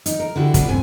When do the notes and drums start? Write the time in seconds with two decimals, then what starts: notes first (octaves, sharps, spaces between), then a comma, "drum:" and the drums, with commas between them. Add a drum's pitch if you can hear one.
0.06 D#4, drum: hi-hat
0.19 A#4
0.36 D3 E4 F#4 G4
0.54 B3 D4 E4 B4, drum: kick, hi-hat
0.67 G2 C3 A3 G#5